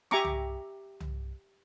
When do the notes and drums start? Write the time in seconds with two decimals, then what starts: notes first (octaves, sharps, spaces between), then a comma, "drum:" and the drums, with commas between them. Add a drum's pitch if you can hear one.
0.11 G4 E5 G#5 A#5 C#6 D6, drum: snare
0.24 drum: tom C2
1.00 drum: tom C2